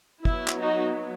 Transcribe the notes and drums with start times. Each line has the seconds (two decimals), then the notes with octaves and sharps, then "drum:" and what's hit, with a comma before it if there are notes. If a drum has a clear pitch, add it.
0.25 F#3 B3 E4, drum: kick
0.48 drum: clap
0.59 D#4 F#4